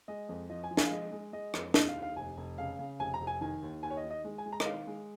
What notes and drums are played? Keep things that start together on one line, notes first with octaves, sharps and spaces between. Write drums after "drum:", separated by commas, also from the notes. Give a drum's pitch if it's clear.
G#3 D#5
F2
F3 D#5
G#5
F3
G#5, drum: snare
F5
G#3 D#5
G#3
G#3 D#5
F2, drum: rim click
D#2 D#5, drum: snare
F5
D#2
F5
F1 G#5
F1
C#3 F5
C#3
F1 G#5
A#5
F1
G#5
D#3 G#5
D#2
D#2 G#5
C#5
D#5
D#3
D#5
G#3
G#5
G#3
A#5
D#5, drum: rim click
D#3 F5
G#3